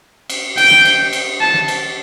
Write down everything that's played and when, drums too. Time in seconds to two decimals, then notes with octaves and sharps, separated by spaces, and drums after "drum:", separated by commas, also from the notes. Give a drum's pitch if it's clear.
0.30 drum: cymbal
0.57 G5, drum: cymbal
0.71 drum: snare
0.85 drum: cymbal
1.13 drum: cymbal
1.40 A5
1.54 drum: snare
1.68 drum: cymbal